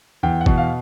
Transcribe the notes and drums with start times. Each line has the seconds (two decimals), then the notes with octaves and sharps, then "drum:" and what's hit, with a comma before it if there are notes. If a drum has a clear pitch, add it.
0.23 E2 G5
0.41 F#5
0.46 B2, drum: kick G1
0.58 F5